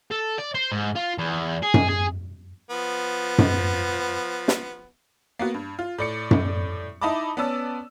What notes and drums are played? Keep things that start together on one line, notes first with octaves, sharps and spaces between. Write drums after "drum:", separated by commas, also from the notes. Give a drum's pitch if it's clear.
A4
D5
C5
G#2
F4
E2
G#4
drum: tom F#2
G#4
F3 B3
drum: tom F#2
drum: snare
A#3 B3 F#4
G2
F4
A2 D5 C#7
drum: tom F#2
D#4 E4 D#5 A5 B5 D6
B3 C#4 D5 A5 E6